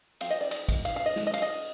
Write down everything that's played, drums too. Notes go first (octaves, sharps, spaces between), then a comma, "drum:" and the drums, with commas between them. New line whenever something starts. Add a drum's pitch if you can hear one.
F3 C4 F5, drum: cymbal
D#5
D5
D#5, drum: cymbal
drum: kick, cymbal
F5, drum: cymbal
F5
D#5
drum: snare
D#5
F5, drum: cymbal
D#5